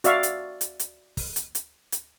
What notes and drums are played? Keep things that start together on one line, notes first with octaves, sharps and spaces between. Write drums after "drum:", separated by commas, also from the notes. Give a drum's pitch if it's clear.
F#4 D5 E5 F5 C#6, drum: hi-hat
drum: hi-hat
drum: hi-hat
drum: hi-hat
drum: kick, open hi-hat
drum: hi-hat
drum: hi-hat
drum: hi-hat